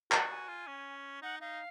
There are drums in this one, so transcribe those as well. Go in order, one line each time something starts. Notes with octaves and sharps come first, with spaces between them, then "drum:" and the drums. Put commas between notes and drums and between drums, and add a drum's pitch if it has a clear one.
F#4 F#5, drum: clap
G#5
F4
C#4
D#4 F#5
D#4 F5